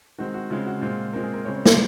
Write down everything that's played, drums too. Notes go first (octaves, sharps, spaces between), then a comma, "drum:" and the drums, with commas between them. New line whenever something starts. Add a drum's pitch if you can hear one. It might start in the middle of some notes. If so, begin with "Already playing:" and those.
D#3 G#3 C4 F#4
F#4
C#3 G#3 C4 F4
F#4
A#2 G#3 C4 F4
A#2 G#3 C4 A#4
G#4
A#4
C#3 G#3 C4 C#5
C#5
D#5, drum: snare